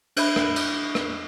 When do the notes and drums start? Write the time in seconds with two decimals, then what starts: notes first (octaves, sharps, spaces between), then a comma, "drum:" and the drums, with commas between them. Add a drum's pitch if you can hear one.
0.17 D4 E5 B5, drum: cymbal
0.36 drum: rim click
0.56 drum: cymbal
0.95 drum: rim click